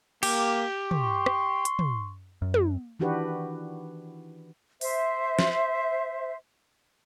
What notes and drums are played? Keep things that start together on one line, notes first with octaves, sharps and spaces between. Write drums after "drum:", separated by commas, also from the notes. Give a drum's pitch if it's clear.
A#3 G4, drum: cymbal
C6 C#6, drum: tom
drum: rim click
drum: hi-hat
drum: tom
F#2
drum: tom
D#3 E3 D4 F#4 G4 B4
C5 E5, drum: open hi-hat
drum: snare